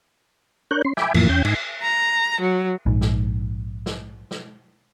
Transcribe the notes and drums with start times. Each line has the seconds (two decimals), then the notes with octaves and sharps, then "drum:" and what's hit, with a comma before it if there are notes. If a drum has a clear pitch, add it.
0.71 D4 A#4 C#5 F#6 G6
0.85 C#4 C6
0.97 E5 G5 G#5 B5 D6, drum: snare
1.14 F2 A2 E3 F3 A#3, drum: cymbal
1.29 E2 C#4 G5 G6
1.45 G#2 D#4 G#5, drum: cymbal
1.82 A#5
2.40 F#3
2.86 A#1 G#2
3.01 drum: snare
3.86 drum: snare
4.31 drum: snare